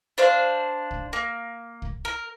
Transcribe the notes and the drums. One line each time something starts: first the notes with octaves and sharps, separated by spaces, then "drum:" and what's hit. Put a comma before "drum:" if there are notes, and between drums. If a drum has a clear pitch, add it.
D4 C5 F5
drum: kick
A#3
drum: kick
A#4